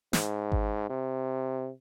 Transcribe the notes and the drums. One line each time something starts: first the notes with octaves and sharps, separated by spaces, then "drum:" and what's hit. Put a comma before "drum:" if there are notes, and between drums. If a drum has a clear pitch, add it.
G#2, drum: snare
drum: kick G#1
C3